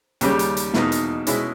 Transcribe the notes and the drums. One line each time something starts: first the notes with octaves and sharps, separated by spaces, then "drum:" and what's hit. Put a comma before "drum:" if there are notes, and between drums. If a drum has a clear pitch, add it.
D#2 C#3 G3 C#4 G4, drum: hi-hat
drum: hi-hat
drum: hi-hat
E2 B2 A#3 D#4, drum: snare
drum: hi-hat
B2 G#3 C#4 E4, drum: hi-hat